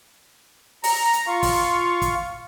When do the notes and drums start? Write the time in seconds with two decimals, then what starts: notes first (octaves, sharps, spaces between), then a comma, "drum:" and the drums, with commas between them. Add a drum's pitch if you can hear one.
0.84 A#5, drum: open hi-hat
1.13 drum: hi-hat
1.27 F4 F5 C#6
1.43 drum: kick, open hi-hat
2.02 drum: kick, hi-hat